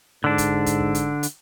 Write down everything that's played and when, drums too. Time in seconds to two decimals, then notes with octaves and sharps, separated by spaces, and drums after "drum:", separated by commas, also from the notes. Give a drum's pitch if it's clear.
0.24 G#2 D3 D4
0.38 drum: kick, hi-hat
0.66 drum: kick, hi-hat
0.80 drum: kick
0.95 drum: hi-hat
1.23 drum: hi-hat